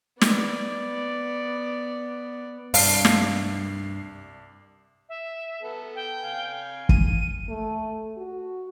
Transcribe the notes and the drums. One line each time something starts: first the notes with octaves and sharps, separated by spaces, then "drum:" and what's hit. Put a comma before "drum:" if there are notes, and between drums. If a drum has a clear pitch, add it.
B3 D5, drum: snare
C2 G2 D4 F5 A5 C7, drum: open hi-hat
drum: snare
E5
B3 A4
G5
F5 G#5
D#7, drum: kick
A3
F#4